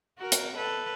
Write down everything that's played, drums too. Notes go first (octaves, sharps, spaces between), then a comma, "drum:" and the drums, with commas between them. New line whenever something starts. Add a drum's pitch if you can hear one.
F#4 A#4
drum: hi-hat
A4 B4